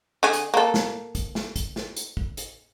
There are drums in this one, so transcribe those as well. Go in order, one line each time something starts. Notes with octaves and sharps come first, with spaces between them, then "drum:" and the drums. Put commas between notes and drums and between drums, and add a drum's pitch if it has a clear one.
D3 G#4
drum: hi-hat
A#3 A4
drum: snare
drum: kick A1, hi-hat
drum: snare
drum: kick A1, hi-hat
drum: snare
drum: hi-hat
drum: kick A1
drum: hi-hat